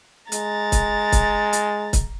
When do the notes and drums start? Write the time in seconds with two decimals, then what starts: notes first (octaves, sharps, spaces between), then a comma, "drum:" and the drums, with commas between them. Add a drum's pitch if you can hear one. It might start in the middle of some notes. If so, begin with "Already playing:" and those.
0.32 G#3 A#5 A6, drum: hi-hat
0.72 drum: kick, hi-hat
1.12 drum: kick, hi-hat
1.53 drum: hi-hat
1.93 drum: kick, hi-hat